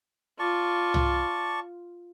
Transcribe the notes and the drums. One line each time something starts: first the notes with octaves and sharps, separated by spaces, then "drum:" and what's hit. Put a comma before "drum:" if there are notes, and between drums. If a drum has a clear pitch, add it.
F4 D5 A5 C#6
drum: tom C2